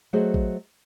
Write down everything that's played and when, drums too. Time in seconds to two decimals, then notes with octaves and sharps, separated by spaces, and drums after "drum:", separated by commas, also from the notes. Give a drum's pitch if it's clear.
0.13 F#3 A3 F#4 G#4 C5 D#5
0.34 drum: kick A1